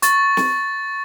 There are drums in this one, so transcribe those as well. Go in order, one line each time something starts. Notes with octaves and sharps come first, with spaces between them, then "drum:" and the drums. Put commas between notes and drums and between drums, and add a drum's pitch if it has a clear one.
C#6 A6, drum: hi-hat
drum: snare